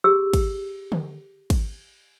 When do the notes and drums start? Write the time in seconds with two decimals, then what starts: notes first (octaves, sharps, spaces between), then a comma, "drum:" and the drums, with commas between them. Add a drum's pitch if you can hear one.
0.04 G4 G#4 E6
0.33 drum: kick, cymbal
0.92 drum: tom D3
1.50 drum: kick, cymbal